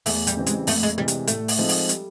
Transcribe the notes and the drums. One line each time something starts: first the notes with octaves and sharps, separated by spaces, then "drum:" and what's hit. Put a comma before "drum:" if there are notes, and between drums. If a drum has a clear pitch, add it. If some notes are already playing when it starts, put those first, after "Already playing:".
E2 A3, drum: open hi-hat
G3, drum: hi-hat
C#3 E3 G3 C4
G#3, drum: hi-hat
F2 A3, drum: open hi-hat
G#3
C3 E3 G3 G#3
drum: hi-hat
A2 A3, drum: hi-hat
drum: open hi-hat
F3 G#3 C4 D#4
drum: open hi-hat
G3, drum: hi-hat